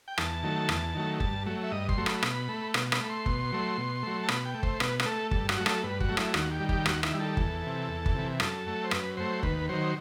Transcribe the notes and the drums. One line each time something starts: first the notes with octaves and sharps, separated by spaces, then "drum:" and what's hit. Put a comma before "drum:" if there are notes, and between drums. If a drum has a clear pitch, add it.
G5
E2 A5, drum: rim click
D#3 F#3 A3
E2, drum: rim click
D#3 F#3 A3
G2 A5, drum: kick G1
F#3 A3
E5
G2 D#5
C6, drum: kick G1
F#3 A3
B5, drum: rim click
B2, drum: rim click
A3
B2, drum: rim click
B5, drum: rim click
A3
C6
B2, drum: kick G1
F#3 A3
B2
F#3 A3
A5
B2 B5, drum: rim click
G5
A3
C5, drum: kick G1
B2 B4, drum: rim click
B4, drum: rim click
A3 A4
G2 A4, drum: kick G1
F#4, drum: rim click
F#3 A3
A4, drum: rim click
G2 B4
F#4, drum: kick G1
F#3 A3
E4, drum: rim click
D#2 F#4, drum: rim click
G4
D#3 G3
G4, drum: kick G1
D#2 F#4, drum: rim click
E4, drum: rim click
D#3 G3
A4
E2, drum: kick G1
C3 E3
E2
drum: kick G1
C3 E3
F#2 A4, drum: rim click
F#3 A3
C5
F#2 B4, drum: rim click
F#3 A3 C5
D#2 B4, drum: kick G1
D#3 F#3 C5